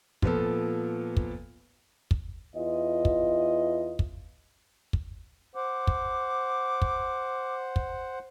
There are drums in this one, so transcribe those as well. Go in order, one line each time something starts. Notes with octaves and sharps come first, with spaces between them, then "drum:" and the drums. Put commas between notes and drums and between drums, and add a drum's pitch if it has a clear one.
A#2 F3 B3 A4, drum: kick
drum: kick
drum: kick
E2 F4 D#5
drum: kick
drum: kick
drum: kick
C5 F#5 D6
drum: kick
drum: kick
drum: kick